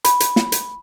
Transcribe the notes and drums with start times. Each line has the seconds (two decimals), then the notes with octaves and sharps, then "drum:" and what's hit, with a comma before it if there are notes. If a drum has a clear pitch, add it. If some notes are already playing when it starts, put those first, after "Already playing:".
0.04 B5, drum: hi-hat
0.20 drum: hi-hat
0.36 drum: snare
0.52 drum: hi-hat